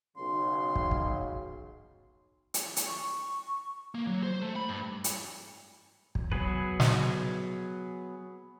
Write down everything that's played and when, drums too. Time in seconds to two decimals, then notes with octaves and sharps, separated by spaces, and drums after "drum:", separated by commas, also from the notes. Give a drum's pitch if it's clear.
0.17 B1 C#3 C6
0.75 drum: kick
0.91 drum: kick
2.54 drum: hi-hat
2.76 drum: hi-hat
2.87 C#6
3.95 A#3
4.07 F#3
4.23 C5
4.42 A3
4.56 B5
4.69 G2
5.04 drum: hi-hat
6.15 drum: kick
6.32 F#3 B3 G#4 B4, drum: kick
6.80 drum: snare